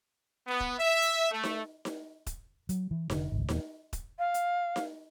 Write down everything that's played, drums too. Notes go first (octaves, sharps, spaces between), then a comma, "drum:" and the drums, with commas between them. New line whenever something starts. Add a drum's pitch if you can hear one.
B3
drum: kick D#1
E5
drum: hi-hat
A3
drum: snare D#4
drum: snare D#4
drum: kick D#1, hi-hat
F#3, drum: hi-hat
E3
F1 A2 D3, drum: snare D#4
G#1 C#2
D#1 E2 A#3, drum: snare D#4
drum: kick D#1, hi-hat
F5
drum: hi-hat
drum: snare D#4